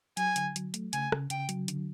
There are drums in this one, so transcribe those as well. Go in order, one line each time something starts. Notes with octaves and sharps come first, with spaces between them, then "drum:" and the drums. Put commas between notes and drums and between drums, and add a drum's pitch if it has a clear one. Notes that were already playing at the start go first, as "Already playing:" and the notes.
F#3 G#5, drum: hi-hat
D3, drum: hi-hat
F#3, drum: hi-hat
A3, drum: hi-hat
C#3 G#5, drum: hi-hat
C#3, drum: rim click
C#3 G5, drum: hi-hat
F#3, drum: hi-hat
D3, drum: hi-hat